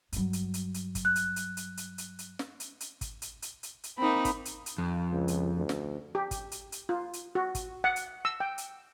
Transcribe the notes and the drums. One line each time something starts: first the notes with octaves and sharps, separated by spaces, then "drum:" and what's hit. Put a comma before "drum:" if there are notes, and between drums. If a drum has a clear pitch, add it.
G2 F#3, drum: hi-hat
drum: hi-hat
drum: hi-hat
drum: hi-hat
drum: kick G#1, hi-hat
F#6
drum: hi-hat
drum: hi-hat
drum: hi-hat
drum: hi-hat
drum: hi-hat
drum: hi-hat
drum: snare
drum: hi-hat
drum: hi-hat
drum: kick G#1, hi-hat
drum: hi-hat
drum: hi-hat
drum: hi-hat
drum: hi-hat
A#3 C4 D#4 B5
drum: kick G#1, hi-hat
drum: hi-hat
drum: hi-hat
F2
C#2
drum: hi-hat
D2
drum: snare
G4
drum: kick G#1, hi-hat
drum: hi-hat
drum: hi-hat
F4
drum: hi-hat
F#4
drum: kick G#1, hi-hat
F#5
drum: hi-hat
E6
G5
drum: hi-hat